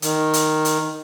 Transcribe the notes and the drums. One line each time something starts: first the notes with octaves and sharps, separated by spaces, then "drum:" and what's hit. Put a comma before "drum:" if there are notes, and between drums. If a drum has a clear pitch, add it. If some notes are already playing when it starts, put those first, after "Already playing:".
D#3, drum: hi-hat
drum: hi-hat
drum: hi-hat